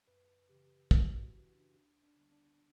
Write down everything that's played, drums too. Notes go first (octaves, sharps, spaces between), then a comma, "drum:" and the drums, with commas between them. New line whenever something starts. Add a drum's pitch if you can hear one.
F#2 B4
C#3 E3 G4
F#2 F#4, drum: kick
E4
C#3 E3 C#4
D4
D2 D4
D4
D3 G3 B3
D4